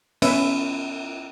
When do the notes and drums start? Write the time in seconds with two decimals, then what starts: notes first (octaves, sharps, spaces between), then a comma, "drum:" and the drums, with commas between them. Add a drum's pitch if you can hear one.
0.22 B3 C#4 B4 E5, drum: cymbal